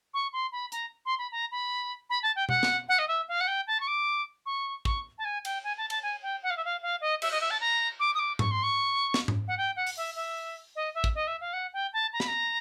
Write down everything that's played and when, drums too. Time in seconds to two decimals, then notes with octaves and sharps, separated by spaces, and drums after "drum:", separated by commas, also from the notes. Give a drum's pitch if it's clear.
0.14 C#6
0.33 C6
0.52 B5
0.72 A#5, drum: hi-hat
1.06 C6
1.18 B5
1.32 A#5
1.52 B5
2.10 B5
2.23 A5
2.36 G5
2.49 F#5, drum: tom B2
2.63 drum: snare
2.89 F#5
2.99 D#5
3.08 E5
3.28 F5
3.40 F#5
3.47 G5
3.67 A5
3.80 C#6
3.87 D6
4.46 C#6
4.85 C#6, drum: kick
5.18 A5
5.25 G#5
5.45 G5, drum: cymbal
5.64 G#5
5.77 A5
5.90 A5, drum: cymbal
6.03 G#5
6.22 G5
6.43 F#5
6.50 F5
6.57 E5
6.65 F5
6.82 F5
7.01 D#5
7.22 E5, drum: cymbal
7.31 D#5
7.41 E5
7.51 A5
7.60 A#5
8.00 D6
8.15 D#6
8.19 D6
8.39 C#6, drum: tom G#2
8.51 C6
8.63 C#6
9.14 drum: snare
9.28 drum: tom G#2
9.48 F#5
9.58 G5
9.76 F#5
9.87 drum: open hi-hat
9.97 E5
10.16 E5
10.76 D#5
10.95 E5
11.04 drum: kick
11.15 D#5
11.27 E5
11.41 F5
11.53 F#5
11.73 G5
11.93 A5
12.13 A#5
12.20 B5, drum: snare
12.28 A#5